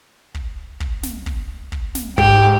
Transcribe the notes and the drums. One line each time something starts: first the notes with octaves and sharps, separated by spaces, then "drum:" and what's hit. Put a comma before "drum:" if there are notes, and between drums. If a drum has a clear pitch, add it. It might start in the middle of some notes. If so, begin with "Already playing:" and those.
drum: kick
drum: kick
drum: snare
drum: kick
drum: kick
drum: snare
G#2 G4, drum: kick